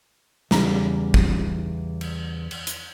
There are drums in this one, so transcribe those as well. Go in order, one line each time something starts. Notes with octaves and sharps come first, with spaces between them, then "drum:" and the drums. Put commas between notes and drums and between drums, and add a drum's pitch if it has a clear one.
E2 C#3 G3 A#5, drum: snare
drum: kick
drum: cymbal
drum: cymbal
drum: hi-hat